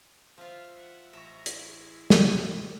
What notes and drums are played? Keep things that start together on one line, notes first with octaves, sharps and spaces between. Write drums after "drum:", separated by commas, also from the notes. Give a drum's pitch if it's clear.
F3 F4 E5 F6
E5 F#5
A1 E5 A#5 C#6
E4 G#4, drum: hi-hat
G#3, drum: snare